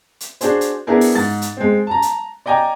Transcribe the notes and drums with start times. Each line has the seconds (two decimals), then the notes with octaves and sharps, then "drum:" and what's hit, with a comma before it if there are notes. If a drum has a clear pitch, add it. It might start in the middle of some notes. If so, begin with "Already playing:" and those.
0.21 drum: hi-hat
0.41 D4 F#4 G#4 C5, drum: hi-hat
0.61 drum: hi-hat
0.87 B3 D4 E4 G#4 A#4
1.01 drum: open hi-hat
1.15 G#2 A6
1.42 drum: hi-hat
1.57 G#3 C4
1.87 A5 A#5
2.02 drum: hi-hat
2.46 D5 D#5 G5 G#5 A#5